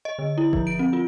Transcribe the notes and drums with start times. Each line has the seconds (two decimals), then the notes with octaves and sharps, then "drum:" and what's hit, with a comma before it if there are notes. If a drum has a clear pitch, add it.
0.05 D#5
0.19 D3
0.38 E4
0.53 F3, drum: kick F#1
0.67 D7
0.79 C4
0.93 F4